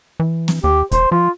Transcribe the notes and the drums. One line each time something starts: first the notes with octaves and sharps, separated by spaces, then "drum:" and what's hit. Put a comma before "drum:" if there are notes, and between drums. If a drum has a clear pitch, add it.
E3
drum: snare
D#2 G4
E1 C5, drum: kick, hi-hat
F3 F4